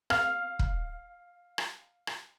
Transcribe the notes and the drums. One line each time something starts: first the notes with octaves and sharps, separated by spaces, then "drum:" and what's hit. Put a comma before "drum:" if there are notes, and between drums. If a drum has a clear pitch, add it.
F5 F6, drum: rim click
drum: kick
drum: rim click
drum: rim click